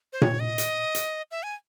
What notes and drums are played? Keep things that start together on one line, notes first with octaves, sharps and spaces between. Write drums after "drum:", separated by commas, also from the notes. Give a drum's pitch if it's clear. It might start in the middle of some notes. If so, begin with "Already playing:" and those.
C5
C#5, drum: tom A#2
D#5
drum: hi-hat
drum: hi-hat
E5
G#5